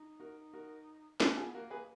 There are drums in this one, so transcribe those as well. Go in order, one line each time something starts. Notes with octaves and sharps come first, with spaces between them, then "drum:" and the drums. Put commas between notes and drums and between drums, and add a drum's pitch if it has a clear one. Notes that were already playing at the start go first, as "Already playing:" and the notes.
Already playing: D#4
F#4 A#4
F#4 A#4
D4 F4 G#4, drum: snare
F4 G#4
B3
A#3 F#4 A#4
G#4 B4